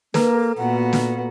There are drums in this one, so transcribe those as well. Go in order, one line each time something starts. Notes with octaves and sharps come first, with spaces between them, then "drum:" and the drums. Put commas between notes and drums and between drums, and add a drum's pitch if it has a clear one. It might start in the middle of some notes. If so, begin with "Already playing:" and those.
A#3 A4 B4 A#5, drum: snare
A#2 B3 F#4 F#5
drum: snare